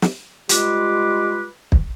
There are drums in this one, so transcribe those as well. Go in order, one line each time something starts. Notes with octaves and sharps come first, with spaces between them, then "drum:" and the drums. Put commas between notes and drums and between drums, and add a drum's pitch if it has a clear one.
drum: snare
G3 G#3 F4 B4 D6, drum: hi-hat
drum: kick